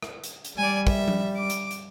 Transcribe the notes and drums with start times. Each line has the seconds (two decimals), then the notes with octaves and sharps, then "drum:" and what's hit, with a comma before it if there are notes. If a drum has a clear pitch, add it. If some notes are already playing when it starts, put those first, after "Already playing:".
0.03 drum: rim click
0.24 drum: hi-hat
0.45 drum: hi-hat
0.58 G3 D5 G#5
0.87 E5, drum: kick, open hi-hat
1.08 drum: tom F3
1.37 D6
1.50 drum: hi-hat
1.71 drum: hi-hat